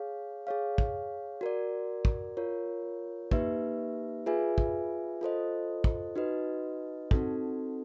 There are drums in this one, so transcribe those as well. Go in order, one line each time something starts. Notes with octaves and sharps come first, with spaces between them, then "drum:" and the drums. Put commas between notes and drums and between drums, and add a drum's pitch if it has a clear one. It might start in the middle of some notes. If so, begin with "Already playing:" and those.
Already playing: G#4 C#5 F5
G#4 C#5 F5
drum: kick
F#4 A#4 D5
drum: kick
F4 A#4 C#5
A#3 D#4 G4 B4 E5, drum: kick
F4 G#4 B4 E5 G#5
drum: kick
F4 A4 C5 D#5
drum: kick
D#4 F#4 B4 D#5
C4 D#4 F#4 A4, drum: kick